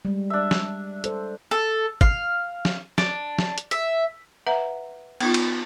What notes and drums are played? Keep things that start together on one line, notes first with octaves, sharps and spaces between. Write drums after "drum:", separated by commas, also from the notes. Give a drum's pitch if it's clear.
G3 G#3
D4 E5
drum: snare
A4 C5, drum: hi-hat
A4
F5, drum: kick G#1
drum: snare
D4, drum: snare
drum: snare
drum: hi-hat
E5, drum: hi-hat
B4 E5 F#5 A#5
B3 D#4 F4, drum: cymbal
drum: cymbal